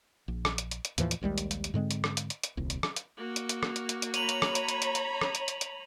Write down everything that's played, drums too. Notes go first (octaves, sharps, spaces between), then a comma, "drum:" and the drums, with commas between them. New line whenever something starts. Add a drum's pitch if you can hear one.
A#1
drum: rim click
drum: hi-hat
drum: hi-hat
drum: hi-hat
D#2 A2 E3 F3, drum: hi-hat
drum: hi-hat
A#1 D#2 G3 G#3
drum: hi-hat
drum: hi-hat
drum: hi-hat
G#2 D3 G#3 C4
drum: hi-hat
drum: rim click
drum: hi-hat
drum: hi-hat
drum: hi-hat
D#1 C2
drum: hi-hat
drum: rim click
drum: hi-hat
A#3 F#4
drum: hi-hat
drum: hi-hat
drum: rim click
drum: hi-hat
drum: hi-hat
drum: hi-hat
C#5 A#5 B5 D#7 F7 F#7, drum: hi-hat
drum: hi-hat
drum: rim click
drum: hi-hat
drum: hi-hat
drum: hi-hat
drum: hi-hat
drum: rim click
drum: hi-hat
drum: hi-hat
drum: hi-hat